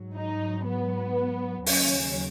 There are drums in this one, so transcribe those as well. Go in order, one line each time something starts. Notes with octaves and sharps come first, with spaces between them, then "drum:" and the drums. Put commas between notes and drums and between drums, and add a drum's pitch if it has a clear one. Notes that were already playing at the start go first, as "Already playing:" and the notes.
Already playing: G#2 F#3
D#4
B3
D#2 C#3 F#3 C#4, drum: open hi-hat